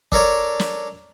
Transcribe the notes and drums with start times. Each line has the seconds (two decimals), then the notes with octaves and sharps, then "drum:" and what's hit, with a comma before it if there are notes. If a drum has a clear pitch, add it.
0.12 D4 A4 A#4 C#5 D5, drum: kick
0.59 drum: snare